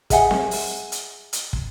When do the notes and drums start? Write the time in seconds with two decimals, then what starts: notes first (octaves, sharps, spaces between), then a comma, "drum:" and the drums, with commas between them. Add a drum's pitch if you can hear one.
0.10 G#4 D#5 E5 F#5 G#5, drum: kick, hi-hat
0.31 drum: snare C4
0.51 drum: open hi-hat
0.92 drum: hi-hat
1.33 drum: hi-hat
1.53 drum: kick